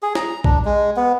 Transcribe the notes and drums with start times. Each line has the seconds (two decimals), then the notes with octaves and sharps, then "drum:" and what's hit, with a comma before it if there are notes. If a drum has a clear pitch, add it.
0.03 G#4
0.15 A#5, drum: snare
0.44 D4, drum: kick B1
0.65 G#3
0.97 B3